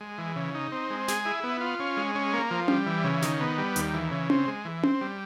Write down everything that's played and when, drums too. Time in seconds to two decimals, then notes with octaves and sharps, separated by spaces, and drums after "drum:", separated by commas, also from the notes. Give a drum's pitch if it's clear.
0.01 G#3
0.18 E3
0.36 C#3
0.55 D#4
0.72 C4
0.90 G#3
1.08 G#4, drum: snare
1.26 E4
1.43 B3
1.61 F4
1.80 C#4
1.97 G#3
2.15 C#4
2.33 A#3
2.51 F3
2.68 G3, drum: tom C#4
2.86 E3
3.04 C#3
3.22 D#3, drum: snare
3.41 B3
3.58 G3
3.76 D#2, drum: hi-hat
3.94 E3
4.11 C#3
4.30 C4, drum: tom C#4
4.47 G#3
4.65 E3
4.83 C4, drum: tom C#4
5.01 G3